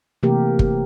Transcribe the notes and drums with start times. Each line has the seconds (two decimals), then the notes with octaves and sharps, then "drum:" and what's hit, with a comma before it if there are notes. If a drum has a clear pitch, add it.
0.23 C3 E3 A3 A#3 G4 A#4
0.59 drum: kick